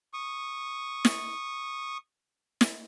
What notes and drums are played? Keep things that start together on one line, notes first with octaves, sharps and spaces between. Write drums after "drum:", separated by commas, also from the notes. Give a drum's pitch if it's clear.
C#6 D#6
drum: snare
drum: snare